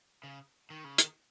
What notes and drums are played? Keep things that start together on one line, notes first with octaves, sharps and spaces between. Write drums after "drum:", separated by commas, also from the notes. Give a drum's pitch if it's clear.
C#3
D#3
C#3
D#3, drum: hi-hat